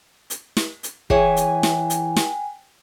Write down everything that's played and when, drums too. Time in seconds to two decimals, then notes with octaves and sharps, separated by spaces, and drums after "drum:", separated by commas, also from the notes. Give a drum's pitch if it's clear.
0.30 drum: hi-hat
0.57 drum: snare
0.83 drum: hi-hat
1.10 E3 G#4 C#5 G5 G#5, drum: kick
1.37 drum: hi-hat
1.63 drum: snare
1.90 drum: hi-hat
2.16 drum: snare